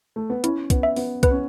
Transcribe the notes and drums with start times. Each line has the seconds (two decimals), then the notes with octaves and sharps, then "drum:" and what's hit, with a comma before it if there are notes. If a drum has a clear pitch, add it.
0.16 A3
0.30 B3
0.44 C#4 E4, drum: hi-hat
0.70 B3, drum: kick, hi-hat
0.83 E5
0.96 B3, drum: open hi-hat
1.23 B3 B4, drum: kick, hi-hat
1.31 C#4